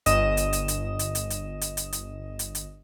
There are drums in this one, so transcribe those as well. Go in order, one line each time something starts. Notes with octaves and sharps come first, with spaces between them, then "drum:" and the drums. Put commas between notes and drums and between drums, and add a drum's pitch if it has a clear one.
G1 D#5 D#6 E7, drum: hi-hat
drum: hi-hat
drum: hi-hat
drum: hi-hat
drum: hi-hat
drum: hi-hat
drum: hi-hat
drum: hi-hat
drum: hi-hat
drum: hi-hat
drum: hi-hat
drum: hi-hat